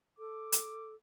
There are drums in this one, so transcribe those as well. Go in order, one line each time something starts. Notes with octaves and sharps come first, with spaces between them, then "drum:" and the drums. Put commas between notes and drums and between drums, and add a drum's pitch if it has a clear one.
A4 D6
drum: hi-hat